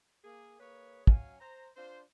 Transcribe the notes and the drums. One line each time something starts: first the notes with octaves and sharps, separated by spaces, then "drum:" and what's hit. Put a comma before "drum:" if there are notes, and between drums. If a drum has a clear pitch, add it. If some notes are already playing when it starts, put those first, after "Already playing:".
A#3 G#4
A#3 G#4 B4 C#5
F#3 C#4 F5 G#5, drum: kick
C5 A#5
D4 F4 C5